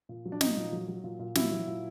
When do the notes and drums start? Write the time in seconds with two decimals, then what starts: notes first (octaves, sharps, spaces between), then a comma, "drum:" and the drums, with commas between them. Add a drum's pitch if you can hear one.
0.09 A#2
0.25 F#3
0.32 D4
0.41 F#3 D#4, drum: snare
0.57 A#2
0.72 F#3
0.88 F#3
1.04 A#2
1.19 A#2
1.35 F#3 E4, drum: snare
1.52 F#3
1.67 A#2